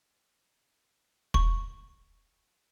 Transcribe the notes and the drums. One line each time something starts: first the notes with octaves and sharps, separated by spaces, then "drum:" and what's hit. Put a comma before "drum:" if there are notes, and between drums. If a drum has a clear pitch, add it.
C#6, drum: kick